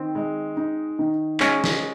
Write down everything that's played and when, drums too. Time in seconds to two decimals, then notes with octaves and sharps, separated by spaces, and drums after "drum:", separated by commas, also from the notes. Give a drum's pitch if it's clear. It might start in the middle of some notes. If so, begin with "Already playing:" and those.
Already playing: D#3 C4
0.15 G#3
0.57 D#4
0.99 D#3
1.40 G#3 C#4, drum: clap
1.64 drum: snare